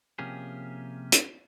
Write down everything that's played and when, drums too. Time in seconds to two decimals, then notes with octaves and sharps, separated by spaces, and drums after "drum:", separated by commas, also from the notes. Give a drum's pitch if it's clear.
0.19 C3 F3 A#3 C#4 G4 G#4
1.12 drum: hi-hat